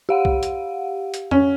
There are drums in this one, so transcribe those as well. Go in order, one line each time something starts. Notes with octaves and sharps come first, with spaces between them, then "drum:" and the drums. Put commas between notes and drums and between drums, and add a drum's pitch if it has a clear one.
G4 F5 F#5
drum: kick
drum: hi-hat
drum: hi-hat
C#4, drum: tom F2